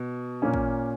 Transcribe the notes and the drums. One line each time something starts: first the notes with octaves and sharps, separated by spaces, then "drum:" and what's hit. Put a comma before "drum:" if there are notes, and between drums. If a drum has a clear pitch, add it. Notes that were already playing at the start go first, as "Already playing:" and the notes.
Already playing: B2
A#2 A#3 C#4
drum: kick